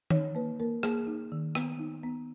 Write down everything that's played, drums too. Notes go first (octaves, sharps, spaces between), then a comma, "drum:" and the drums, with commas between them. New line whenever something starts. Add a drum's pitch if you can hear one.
D#4 C#5, drum: tom D#3
A#3 B4
A#3 A#4
A#3 G#4, drum: rim click
D#4
D#3
B3, drum: rim click
D#4
B3